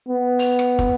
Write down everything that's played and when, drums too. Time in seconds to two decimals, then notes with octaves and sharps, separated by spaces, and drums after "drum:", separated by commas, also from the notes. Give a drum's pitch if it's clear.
0.09 B3
0.39 drum: open hi-hat
0.59 drum: rim click
0.79 drum: kick, hi-hat